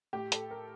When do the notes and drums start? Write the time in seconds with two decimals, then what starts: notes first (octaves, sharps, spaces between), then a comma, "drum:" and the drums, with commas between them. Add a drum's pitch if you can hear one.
0.13 A2 G4
0.32 A4, drum: hi-hat
0.51 A#4